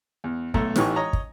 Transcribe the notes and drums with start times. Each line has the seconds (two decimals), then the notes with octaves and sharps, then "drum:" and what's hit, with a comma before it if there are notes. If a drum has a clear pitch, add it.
0.24 E2
0.54 B1 A3 A#5 E6, drum: kick
0.76 A1 A2 E3 D#4 C#6, drum: snare
0.96 C#5 D#5 A#5
1.13 drum: kick